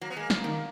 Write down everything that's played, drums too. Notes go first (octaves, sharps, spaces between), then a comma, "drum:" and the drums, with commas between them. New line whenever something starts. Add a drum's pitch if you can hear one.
F#3 A#3
B3
G#3 A#3
F3, drum: snare
D#3